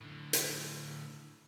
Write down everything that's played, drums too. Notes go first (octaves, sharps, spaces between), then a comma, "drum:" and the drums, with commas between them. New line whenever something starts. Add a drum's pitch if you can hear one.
A2 D3
drum: hi-hat